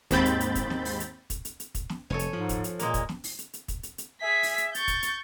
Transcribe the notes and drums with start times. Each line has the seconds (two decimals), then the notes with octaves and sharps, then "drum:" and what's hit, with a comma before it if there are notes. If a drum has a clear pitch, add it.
0.11 D#2 G#2 C4 B5 G6 A6, drum: kick, hi-hat
0.26 drum: hi-hat
0.40 drum: hi-hat
0.55 drum: kick, hi-hat
0.70 drum: snare
0.85 drum: open hi-hat
1.00 drum: hi-hat
1.30 drum: kick, hi-hat
1.45 drum: hi-hat
1.60 drum: hi-hat
1.75 drum: kick, hi-hat
1.89 drum: snare
2.10 F1 A4 C#5 G#5
2.19 drum: hi-hat
2.33 G#2 F3
2.49 drum: kick, hi-hat
2.64 drum: hi-hat
2.79 A#2 G#3 A#3, drum: hi-hat
2.94 drum: kick, hi-hat
3.09 drum: snare
3.24 drum: open hi-hat
3.39 drum: hi-hat
3.53 drum: hi-hat
3.68 drum: kick, hi-hat
3.83 drum: hi-hat
3.98 drum: hi-hat
4.21 G#4 E5 B6
4.43 drum: open hi-hat
4.58 drum: hi-hat
4.75 C#6 G6 A6, drum: hi-hat
4.88 drum: kick, hi-hat
5.03 drum: hi-hat